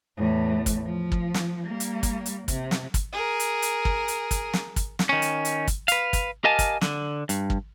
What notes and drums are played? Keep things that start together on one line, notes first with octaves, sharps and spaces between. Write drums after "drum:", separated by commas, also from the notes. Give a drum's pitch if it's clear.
E2 A2
drum: kick, hi-hat
F3
drum: kick
drum: snare
G3 A#3
drum: hi-hat
drum: kick, hi-hat
drum: hi-hat
C3, drum: kick, hi-hat
drum: snare
drum: kick, hi-hat
G#4 A#4
drum: hi-hat
drum: hi-hat
drum: kick
drum: hi-hat
drum: kick, hi-hat
drum: snare
drum: kick, hi-hat
drum: snare
D#3 C#4
drum: hi-hat
drum: hi-hat
drum: kick, hi-hat
B4 F5, drum: hi-hat
drum: kick, hi-hat
G4 A#4 D#5 F5 G#5 A5
drum: kick, hi-hat
D3, drum: snare
G2, drum: hi-hat
drum: kick